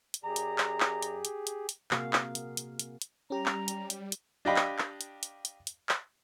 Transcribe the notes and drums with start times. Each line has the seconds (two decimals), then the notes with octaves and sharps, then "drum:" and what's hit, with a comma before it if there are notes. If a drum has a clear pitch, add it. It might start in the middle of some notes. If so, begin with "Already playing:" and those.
0.14 drum: hi-hat
0.24 F#2 G4 G#4 D5 A#5
0.36 drum: hi-hat
0.58 drum: clap
0.80 drum: clap
1.03 drum: hi-hat
1.25 drum: hi-hat
1.47 drum: hi-hat
1.69 drum: hi-hat
1.91 C3 A#3 F#4 G#4 F5, drum: clap
2.13 drum: clap
2.35 drum: hi-hat
2.57 drum: hi-hat
2.79 drum: hi-hat
3.02 drum: hi-hat
3.30 G3 C#4 G4 A#5
3.46 drum: clap
3.68 drum: hi-hat
3.90 drum: hi-hat
4.12 drum: hi-hat
4.45 D4 G4 D#5 F5 G5 B5
4.56 drum: clap
4.79 drum: clap
5.01 drum: hi-hat
5.23 drum: hi-hat
5.45 drum: hi-hat
5.67 drum: hi-hat
5.89 drum: clap